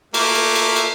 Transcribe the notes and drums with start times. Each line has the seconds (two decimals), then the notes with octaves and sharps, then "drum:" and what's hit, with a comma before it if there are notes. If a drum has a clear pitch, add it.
0.14 A3 A#3, drum: cymbal
0.35 drum: cymbal
0.56 drum: cymbal
0.76 drum: cymbal